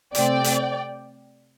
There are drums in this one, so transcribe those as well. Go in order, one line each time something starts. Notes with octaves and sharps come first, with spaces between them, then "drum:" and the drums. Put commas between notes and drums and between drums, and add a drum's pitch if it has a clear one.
C3 A3 C4 D5 G5, drum: hi-hat
drum: hi-hat